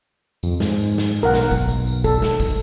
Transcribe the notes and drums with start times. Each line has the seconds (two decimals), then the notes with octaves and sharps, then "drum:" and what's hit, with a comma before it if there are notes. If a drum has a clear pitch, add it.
0.43 F2, drum: tambourine
0.60 G#2, drum: snare
0.80 drum: tambourine
0.98 drum: snare
1.23 B1 A#4 F#5
1.34 drum: snare
1.51 drum: kick, tambourine
1.69 drum: tambourine
1.87 drum: tambourine
2.04 A4, drum: kick, tambourine
2.22 drum: snare
2.40 drum: kick, tambourine